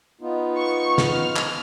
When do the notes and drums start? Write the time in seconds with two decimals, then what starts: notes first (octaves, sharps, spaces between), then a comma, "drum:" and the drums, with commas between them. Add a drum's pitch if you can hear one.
0.21 B3 D#4 F4
0.58 C#6
0.98 F6, drum: snare
1.36 drum: clap